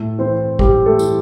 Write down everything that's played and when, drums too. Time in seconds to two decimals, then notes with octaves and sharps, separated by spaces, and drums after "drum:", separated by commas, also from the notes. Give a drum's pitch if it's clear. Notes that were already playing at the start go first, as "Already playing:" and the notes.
Already playing: A2 A3 A4
0.18 E3 C4 C5
0.59 A2 G3 G4, drum: kick
0.86 A3 A4
0.99 E3, drum: tambourine